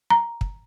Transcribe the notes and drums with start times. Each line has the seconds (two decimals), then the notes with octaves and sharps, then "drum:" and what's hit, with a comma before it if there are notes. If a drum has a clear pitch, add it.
0.10 A#5
0.41 drum: kick